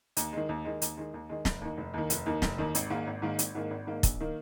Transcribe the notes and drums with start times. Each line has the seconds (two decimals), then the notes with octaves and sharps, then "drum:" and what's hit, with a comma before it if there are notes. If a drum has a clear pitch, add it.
0.17 D#2, drum: hi-hat
0.33 D#3 G#3
0.49 D#2
0.65 D#3 G#3
0.82 D#2, drum: hi-hat
0.97 D#3 G#3
1.14 D#2
1.29 D#3 G#3
1.45 F1, drum: snare
1.61 D#2 D#3
1.77 F1
1.94 D#2 D#3
2.10 F1, drum: hi-hat
2.26 D#2 D#3
2.42 F1, drum: snare
2.58 D#2 D#3
2.75 G#1, drum: hi-hat
2.90 G#2 D#3 A#3
3.07 G#1
3.22 G#2 D#3 A#3
3.39 G#1, drum: hi-hat
3.55 G#2 D#3 A#3
3.71 G#1
3.87 G#2 D#3 A#3
4.03 A#1, drum: kick, hi-hat
4.20 D#3 A#3